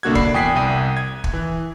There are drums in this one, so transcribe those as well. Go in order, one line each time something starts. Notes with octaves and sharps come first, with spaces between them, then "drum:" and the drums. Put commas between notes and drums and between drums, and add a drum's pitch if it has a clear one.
C2 D3 A#3 F#4 F#6 G#6
D5 B5 C7, drum: kick
E2 G5 D#6 F#6 B6 C7
C2 G5 D#7
G#6
drum: kick
E3